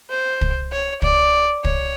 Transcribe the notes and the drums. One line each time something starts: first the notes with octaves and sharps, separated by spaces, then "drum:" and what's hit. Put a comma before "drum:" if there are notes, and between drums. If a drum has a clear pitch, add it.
C5
drum: kick
C#5
D5, drum: kick
C#5, drum: kick